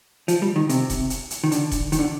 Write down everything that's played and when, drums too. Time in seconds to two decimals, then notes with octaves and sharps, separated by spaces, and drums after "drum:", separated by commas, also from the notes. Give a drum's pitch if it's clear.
0.28 F3, drum: hi-hat
0.42 G3
0.56 D#3
0.69 C3, drum: hi-hat
0.90 drum: kick E1, hi-hat
1.10 drum: hi-hat
1.31 drum: hi-hat
1.44 D#3
1.52 D3, drum: hi-hat
1.71 drum: kick E1, hi-hat
1.92 D#3, drum: hi-hat
1.99 D3